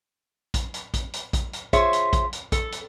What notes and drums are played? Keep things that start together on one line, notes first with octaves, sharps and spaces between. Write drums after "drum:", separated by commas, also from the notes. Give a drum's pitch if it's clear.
drum: kick A#1, hi-hat
drum: hi-hat
drum: kick A#1, hi-hat
drum: hi-hat
drum: kick A#1, hi-hat
drum: hi-hat
F4 G#4 C5 C#5 E5, drum: kick A#1, hi-hat
drum: hi-hat
drum: kick A#1, hi-hat
drum: hi-hat
A4, drum: kick A#1, hi-hat
drum: hi-hat